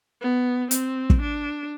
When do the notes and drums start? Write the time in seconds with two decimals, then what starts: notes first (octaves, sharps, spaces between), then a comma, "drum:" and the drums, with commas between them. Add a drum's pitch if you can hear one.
0.21 B3
0.71 C4, drum: hi-hat
1.10 drum: kick
1.21 D4